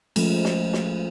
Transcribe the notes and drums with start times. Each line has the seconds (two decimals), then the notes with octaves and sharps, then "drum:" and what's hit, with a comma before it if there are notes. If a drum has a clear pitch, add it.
0.16 F3 G#3 A3 C#4, drum: cymbal
0.45 drum: snare
0.73 drum: snare